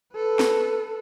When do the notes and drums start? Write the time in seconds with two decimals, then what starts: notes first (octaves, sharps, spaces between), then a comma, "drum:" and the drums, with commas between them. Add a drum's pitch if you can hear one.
0.14 A4 B4
0.39 drum: snare